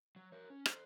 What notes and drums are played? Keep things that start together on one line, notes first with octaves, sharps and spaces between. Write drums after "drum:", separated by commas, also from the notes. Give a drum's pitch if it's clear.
F#3
A#4 C#5
C#4
A4 C5, drum: rim click